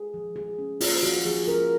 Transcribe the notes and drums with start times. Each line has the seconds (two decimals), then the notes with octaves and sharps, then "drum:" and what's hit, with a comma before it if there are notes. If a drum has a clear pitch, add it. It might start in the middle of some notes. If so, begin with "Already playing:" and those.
Already playing: G#4
0.14 F3
0.36 F3 G#4
0.58 C#4
0.81 A#3 F4, drum: open hi-hat
1.03 F3 F#4
1.25 F3 G#4
1.48 C#4 A#4